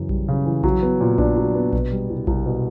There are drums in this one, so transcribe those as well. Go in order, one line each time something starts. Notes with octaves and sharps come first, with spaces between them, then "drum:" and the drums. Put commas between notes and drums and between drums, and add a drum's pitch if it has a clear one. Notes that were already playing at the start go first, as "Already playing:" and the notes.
Already playing: F#2 C#3 E3
G3, drum: kick A#1
C#3
E3
F#3, drum: kick A#1
B3
A#2
D4, drum: kick A#1
F#3
B3
B2, drum: kick A#1
G3
C2
C2, drum: kick A#1
B2